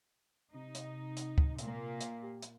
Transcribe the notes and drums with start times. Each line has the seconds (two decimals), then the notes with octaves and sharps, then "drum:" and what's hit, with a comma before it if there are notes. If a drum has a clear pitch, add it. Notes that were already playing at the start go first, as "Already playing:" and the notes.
0.54 C3 D#4
0.75 drum: hi-hat
1.17 drum: hi-hat
1.38 drum: kick
1.59 A#2 A#3, drum: hi-hat
2.01 drum: hi-hat
2.22 G4
2.42 drum: hi-hat